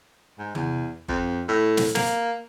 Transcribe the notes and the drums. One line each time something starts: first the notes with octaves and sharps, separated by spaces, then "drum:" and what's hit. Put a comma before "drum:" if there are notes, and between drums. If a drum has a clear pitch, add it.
G#2
E2, drum: tom
F2, drum: kick G1
A2
drum: snare
A#3, drum: snare